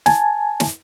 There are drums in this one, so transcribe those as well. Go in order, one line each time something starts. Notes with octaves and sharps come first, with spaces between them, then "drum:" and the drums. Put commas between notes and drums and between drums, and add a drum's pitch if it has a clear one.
G#5 A5, drum: snare
drum: snare